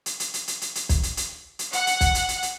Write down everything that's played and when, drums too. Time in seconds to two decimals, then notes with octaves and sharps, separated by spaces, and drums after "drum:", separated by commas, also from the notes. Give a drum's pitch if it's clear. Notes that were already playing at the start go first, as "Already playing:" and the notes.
0.06 drum: hi-hat
0.20 drum: hi-hat
0.34 drum: hi-hat
0.48 drum: hi-hat
0.61 drum: hi-hat
0.75 drum: hi-hat
0.89 drum: kick, hi-hat
1.03 drum: hi-hat
1.17 drum: hi-hat
1.59 drum: hi-hat
1.73 F#5, drum: hi-hat
1.87 drum: hi-hat
2.01 drum: kick, hi-hat
2.15 drum: hi-hat
2.29 drum: hi-hat
2.42 drum: hi-hat